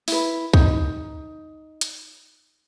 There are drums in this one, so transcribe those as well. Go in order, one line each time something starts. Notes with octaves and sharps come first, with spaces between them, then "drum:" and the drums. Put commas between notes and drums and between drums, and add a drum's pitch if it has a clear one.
E4 B4, drum: open hi-hat
D#4, drum: kick
drum: hi-hat